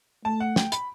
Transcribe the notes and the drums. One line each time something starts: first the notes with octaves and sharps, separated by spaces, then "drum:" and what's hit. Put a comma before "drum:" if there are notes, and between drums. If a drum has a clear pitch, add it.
A3 A5
F#5
G5, drum: snare
B5, drum: hi-hat